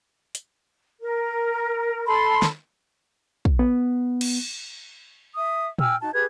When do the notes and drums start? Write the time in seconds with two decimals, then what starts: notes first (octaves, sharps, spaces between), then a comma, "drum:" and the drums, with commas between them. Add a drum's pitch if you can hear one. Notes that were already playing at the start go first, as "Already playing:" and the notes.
0.35 drum: hi-hat
1.01 A#4
2.06 A4 B5 C6
2.42 drum: snare
3.45 drum: kick
3.59 B3
4.21 drum: cymbal
5.36 E5 D#6
5.79 G5 G#5 E6 F6, drum: tom A#2
6.00 D#4 F#4 A5
6.13 G4 G#4 B4 G#6